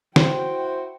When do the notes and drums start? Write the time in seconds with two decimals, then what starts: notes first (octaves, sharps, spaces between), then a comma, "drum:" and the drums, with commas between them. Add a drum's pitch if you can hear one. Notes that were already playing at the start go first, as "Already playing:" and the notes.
0.16 E4 F#4 C5 G5, drum: snare